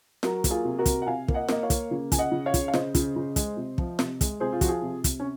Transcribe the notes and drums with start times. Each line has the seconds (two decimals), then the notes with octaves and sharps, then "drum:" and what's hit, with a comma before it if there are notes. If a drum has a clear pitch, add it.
0.23 F#3 F#4 A#4, drum: snare
0.44 A#3, drum: kick, hi-hat
0.51 F4 G#4
0.65 C3
0.79 F#4 A#4
0.86 C3, drum: kick, hi-hat
1.02 F#5
1.07 C3 F5 G#5
1.28 A#3, drum: kick
1.34 D#5 F#5
1.49 A#3 D#5, drum: snare
1.63 C#5 F5
1.70 A#3, drum: kick, hi-hat
1.91 C#3
2.12 C#3 G#5, drum: kick, hi-hat
2.18 D#5 F#5
2.32 C#3
2.46 C#5 F5
2.54 C#3, drum: kick, hi-hat
2.68 F5
2.74 C#3 C5 D#5, drum: snare
2.95 C#3, drum: kick, hi-hat
3.16 C#3
3.36 G#3, drum: kick, hi-hat
3.57 C3
3.78 F3, drum: kick
3.99 C3, drum: snare
4.21 G#3, drum: kick, hi-hat
4.40 C3 G#4 C5
4.53 F4
4.61 F3 F#4, drum: kick, hi-hat
4.69 F4 G#4
4.82 C3
5.04 C3, drum: kick, hi-hat
5.20 C#4